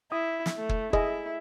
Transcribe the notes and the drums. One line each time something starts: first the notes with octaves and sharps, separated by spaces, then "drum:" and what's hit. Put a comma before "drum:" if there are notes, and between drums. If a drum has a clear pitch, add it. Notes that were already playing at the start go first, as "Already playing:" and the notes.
E4 D#6
drum: snare
A3
drum: kick
E4 G#4 D#5, drum: kick